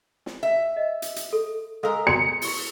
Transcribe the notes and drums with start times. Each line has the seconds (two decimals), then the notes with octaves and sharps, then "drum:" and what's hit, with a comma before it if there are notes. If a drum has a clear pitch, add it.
0.26 drum: snare
0.43 E5
0.76 D#5
1.02 drum: hi-hat
1.16 drum: hi-hat
1.33 A4
1.83 G#3 A4 A#4 F5 E6
2.07 F#4 C#7
2.42 E4 C#6, drum: open hi-hat